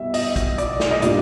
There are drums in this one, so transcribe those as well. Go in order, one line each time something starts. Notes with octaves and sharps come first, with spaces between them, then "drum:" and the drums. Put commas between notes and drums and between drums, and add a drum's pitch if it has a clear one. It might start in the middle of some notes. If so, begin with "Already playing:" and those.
Already playing: C2 B2 G3 E5
D#5, drum: open hi-hat
drum: kick, hi-hat
D5, drum: hi-hat
drum: snare
D#5
A#2 G3 A#3 D4 D5, drum: hi-hat